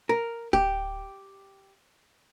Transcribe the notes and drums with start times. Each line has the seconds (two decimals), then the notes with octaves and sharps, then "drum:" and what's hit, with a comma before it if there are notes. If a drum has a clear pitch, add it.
0.09 A#4
0.53 G4, drum: kick D1